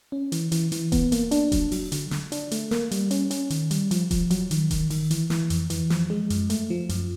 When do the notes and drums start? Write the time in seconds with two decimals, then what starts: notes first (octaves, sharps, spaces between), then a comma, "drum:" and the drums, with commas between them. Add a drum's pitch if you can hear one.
0.12 C#4
0.32 E3, drum: hi-hat
0.52 E3, drum: hi-hat
0.72 E3, drum: hi-hat
0.92 B3, drum: kick D#1, hi-hat
1.12 A#3, drum: hi-hat
1.31 D4, drum: hi-hat
1.52 F#3, drum: kick D#1, hi-hat
1.72 F#3, drum: open hi-hat
1.92 D3, drum: hi-hat
2.11 D3, drum: snare
2.32 D4, drum: hi-hat
2.51 A3, drum: hi-hat
2.71 A#3, drum: snare
2.91 G3, drum: hi-hat
3.11 C#4, drum: hi-hat
3.31 C#4, drum: hi-hat
3.50 D#3, drum: hi-hat
3.71 G3, drum: hi-hat
3.91 F3, drum: hi-hat
4.11 F3, drum: kick D#1, hi-hat
4.31 F#3, drum: hi-hat
4.51 D#3, drum: hi-hat
4.71 D#3, drum: kick D#1, hi-hat
4.90 D#3, drum: open hi-hat
5.11 E3, drum: hi-hat
5.30 E3, drum: snare
5.50 F2, drum: hi-hat
5.70 E3, drum: hi-hat
5.90 F3, drum: snare
6.10 G#3
6.30 F#2, drum: hi-hat
6.50 A3, drum: hi-hat
6.70 F3
6.89 F#2, drum: hi-hat